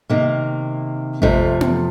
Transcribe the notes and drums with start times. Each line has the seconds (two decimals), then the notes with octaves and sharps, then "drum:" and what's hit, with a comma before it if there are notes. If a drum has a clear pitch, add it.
0.10 C3 D#3 A#3
1.22 F2 C3 F3 A3, drum: kick A1
1.61 drum: tom B3